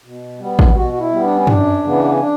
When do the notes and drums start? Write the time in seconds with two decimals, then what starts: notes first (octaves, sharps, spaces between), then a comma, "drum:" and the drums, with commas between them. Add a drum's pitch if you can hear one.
0.04 B2
0.39 G3 B3
0.59 drum: kick A1
0.75 B2 F#4
0.93 F#4
1.00 E4
1.11 G3 B3
1.24 D4
1.35 C#4
1.47 F#2 D4, drum: tom G2
1.84 C#3 E3 B3
2.04 B3
2.12 C#4
2.19 D4